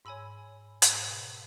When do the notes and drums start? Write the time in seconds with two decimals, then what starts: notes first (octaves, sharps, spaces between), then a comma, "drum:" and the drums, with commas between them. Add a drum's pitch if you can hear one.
0.05 G#2 C#5 G#5 B5 E6
0.82 G#2, drum: hi-hat
1.07 B2